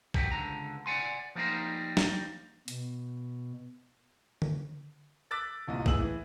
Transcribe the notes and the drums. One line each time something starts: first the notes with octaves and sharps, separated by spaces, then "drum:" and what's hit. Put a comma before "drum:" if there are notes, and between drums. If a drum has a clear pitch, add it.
D#3 F#3 G4, drum: kick
C#2 D3 A#5
D5 F#5 G#5 C6
F3 G3 A#3 D#4 A#4 C5
drum: snare
B2, drum: hi-hat
drum: tom D3
D6 E6 F#6 A6 B6
D1 C2 A#2 D#5
A2 B3 G#4 G#5 E6 F#7, drum: kick
E3